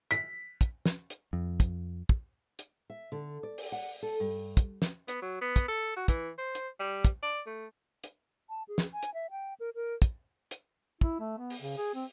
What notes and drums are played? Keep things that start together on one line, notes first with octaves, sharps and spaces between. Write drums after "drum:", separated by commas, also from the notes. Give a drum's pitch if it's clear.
B6, drum: hi-hat
drum: kick, hi-hat
drum: snare
drum: hi-hat
F2
drum: kick, hi-hat
drum: kick
drum: hi-hat
E5
D3
D5
drum: open hi-hat
F#5
A4
G2
drum: kick, hi-hat
drum: snare
B3, drum: hi-hat
F#3
B3
drum: kick, hi-hat
A4
F#4
E3, drum: kick, hi-hat
C5
drum: hi-hat
G3
drum: kick, hi-hat
D5
A3
drum: hi-hat
A5
G#4
drum: snare
G#5
drum: hi-hat
E5
G5
A#4
A#4
drum: kick, hi-hat
drum: hi-hat
E4, drum: kick
A3
B3
drum: open hi-hat
C#3
G#4
C4